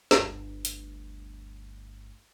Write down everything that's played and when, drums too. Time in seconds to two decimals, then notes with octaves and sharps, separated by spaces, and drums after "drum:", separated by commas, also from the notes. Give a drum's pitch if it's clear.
0.11 G1 D2, drum: snare
0.65 drum: hi-hat